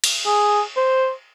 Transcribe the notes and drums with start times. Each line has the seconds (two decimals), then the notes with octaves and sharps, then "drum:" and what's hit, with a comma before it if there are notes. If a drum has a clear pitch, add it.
0.04 drum: cymbal
0.26 G#4
0.77 C5